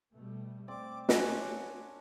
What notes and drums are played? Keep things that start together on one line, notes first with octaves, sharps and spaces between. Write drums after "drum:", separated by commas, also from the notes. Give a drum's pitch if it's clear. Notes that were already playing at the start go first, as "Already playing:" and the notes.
B2 G3 A3
A3 C4 D5 D6
C#4 D4 F#5 G#5, drum: snare